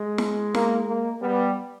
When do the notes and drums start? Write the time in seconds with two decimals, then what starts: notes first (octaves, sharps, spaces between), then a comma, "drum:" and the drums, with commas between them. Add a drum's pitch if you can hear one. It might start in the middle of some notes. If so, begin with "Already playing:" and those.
Already playing: G#3
0.18 drum: snare
0.55 A#3, drum: snare
0.88 A#3
1.22 G3 B3